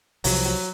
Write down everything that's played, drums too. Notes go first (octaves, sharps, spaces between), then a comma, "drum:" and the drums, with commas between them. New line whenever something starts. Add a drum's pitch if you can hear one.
C2 C3 F3 F#3, drum: open hi-hat
F#3